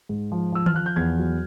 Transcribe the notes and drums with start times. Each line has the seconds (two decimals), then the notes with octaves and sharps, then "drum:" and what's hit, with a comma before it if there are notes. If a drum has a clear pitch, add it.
0.09 G#2
0.32 F3
0.52 F3 E6
0.66 F6, drum: tom D#3
0.74 F3 F#6
0.86 G6
0.96 E2 G#6
1.18 F#3